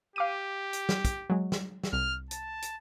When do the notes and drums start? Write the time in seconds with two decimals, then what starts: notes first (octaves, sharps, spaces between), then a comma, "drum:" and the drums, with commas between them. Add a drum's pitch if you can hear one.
0.16 G4 F5 D6 D#7
0.73 drum: hi-hat
0.89 drum: snare
1.05 drum: kick, hi-hat
1.30 F#3 G#3
1.52 drum: snare
1.84 drum: snare
1.93 C2 F6
2.31 A5, drum: hi-hat
2.62 drum: hi-hat